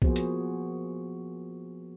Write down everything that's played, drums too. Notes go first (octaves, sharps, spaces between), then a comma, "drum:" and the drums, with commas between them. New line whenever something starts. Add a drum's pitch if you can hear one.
F3 A#3 B3 F#4 G#4 C5, drum: kick B1
drum: hi-hat